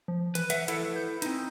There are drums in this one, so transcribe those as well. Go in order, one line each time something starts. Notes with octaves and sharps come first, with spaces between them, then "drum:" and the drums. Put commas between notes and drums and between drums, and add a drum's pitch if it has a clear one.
F3
E3 B4, drum: hi-hat
B4 E5 F#5, drum: hi-hat
E4 A4, drum: hi-hat
G6
C4 D#4, drum: hi-hat